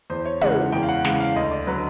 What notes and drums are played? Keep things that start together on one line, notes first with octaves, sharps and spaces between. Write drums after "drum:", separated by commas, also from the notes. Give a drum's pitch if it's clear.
E2 C5
C#5
C#3 E3 G#3 F#5, drum: tom
E2 G5
F5
F#5
C#3 E3 G#3 F5, drum: snare
F5
D2 D#5
D5
D3 F#3 B4